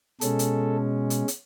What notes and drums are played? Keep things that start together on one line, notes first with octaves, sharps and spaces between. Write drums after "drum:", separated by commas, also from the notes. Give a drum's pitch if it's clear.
B2 G#3 C#4 A4, drum: hi-hat
drum: hi-hat
drum: hi-hat
drum: hi-hat